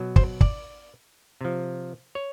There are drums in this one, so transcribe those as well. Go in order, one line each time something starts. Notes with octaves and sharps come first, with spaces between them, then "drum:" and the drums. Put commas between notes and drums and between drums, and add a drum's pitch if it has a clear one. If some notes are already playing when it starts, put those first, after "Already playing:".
Already playing: B2 F#3
C5, drum: kick
D5, drum: kick
C3 F3
C#5